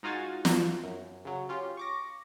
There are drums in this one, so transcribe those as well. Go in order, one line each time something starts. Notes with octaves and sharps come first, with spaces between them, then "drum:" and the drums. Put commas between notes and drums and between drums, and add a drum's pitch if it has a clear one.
G#2 D#4 F4 F#4 G#5 A6
drum: snare
F#2
C#3 F#3
C#4 F4 G4
C#6 D6 A#6